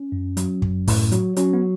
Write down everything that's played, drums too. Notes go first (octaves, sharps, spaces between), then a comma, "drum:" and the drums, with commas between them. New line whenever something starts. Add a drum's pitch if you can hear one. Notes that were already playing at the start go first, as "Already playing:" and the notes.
Already playing: C#4
F#2
F#3, drum: hi-hat
F#2, drum: kick
A2, drum: kick, open hi-hat
F#3, drum: hi-hat
F#3 C#4, drum: hi-hat
B3